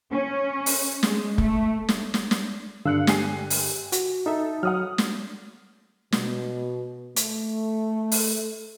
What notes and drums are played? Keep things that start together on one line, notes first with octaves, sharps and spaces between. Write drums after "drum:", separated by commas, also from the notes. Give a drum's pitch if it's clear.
C#4
drum: open hi-hat
G#3, drum: snare
A3, drum: kick
drum: snare
drum: snare
drum: snare
G2 D3 F5 E6 F#6 C#7
G4 G#5 C7, drum: snare
drum: open hi-hat
F#4, drum: hi-hat
D#4 A4 E5
F#3 F#5 D#6 F6
drum: snare
B2, drum: snare
A3, drum: hi-hat
drum: open hi-hat